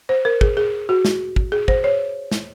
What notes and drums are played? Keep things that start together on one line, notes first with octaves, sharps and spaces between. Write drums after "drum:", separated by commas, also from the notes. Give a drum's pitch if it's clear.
C5
A#4
G#4, drum: kick
G#4
F#4
drum: snare
drum: kick
G#4
C5, drum: kick
C#5
drum: snare